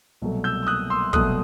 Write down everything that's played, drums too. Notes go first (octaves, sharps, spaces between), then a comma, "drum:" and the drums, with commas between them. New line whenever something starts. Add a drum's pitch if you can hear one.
C2 B2 F#3 A3
E6 G6
E6
D#6 F#6
C6 E6
C2 B2 F#3 A3 D#6 F#6, drum: kick